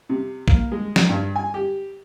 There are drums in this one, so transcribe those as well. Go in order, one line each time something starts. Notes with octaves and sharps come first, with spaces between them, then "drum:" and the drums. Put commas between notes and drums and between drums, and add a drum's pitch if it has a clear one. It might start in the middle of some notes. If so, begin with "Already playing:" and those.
C3
A#3, drum: kick
G#3
drum: snare
G2
G#5
G4